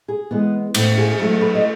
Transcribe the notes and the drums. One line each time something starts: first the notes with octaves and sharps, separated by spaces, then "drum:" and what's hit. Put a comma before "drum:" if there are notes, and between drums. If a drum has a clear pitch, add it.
G#4
E3 G#3 B3
A2, drum: cymbal
G#4
F#3 A3 A4
B4
D#5